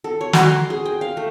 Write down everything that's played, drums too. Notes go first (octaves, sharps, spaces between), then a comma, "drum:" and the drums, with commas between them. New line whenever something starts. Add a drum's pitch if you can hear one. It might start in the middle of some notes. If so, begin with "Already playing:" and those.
A4
C#5
F#4, drum: snare
C6
G#4
G5
F5
A3